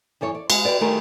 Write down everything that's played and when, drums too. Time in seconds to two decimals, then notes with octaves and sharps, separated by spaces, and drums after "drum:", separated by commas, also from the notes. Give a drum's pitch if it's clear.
0.21 F#2 E3 A4 C#5
0.35 D5
0.50 G#3 F#5, drum: cymbal
0.65 F#4 G4 A#4 B4 D5
0.81 D#3 G3 A3 G4 G#4 A#4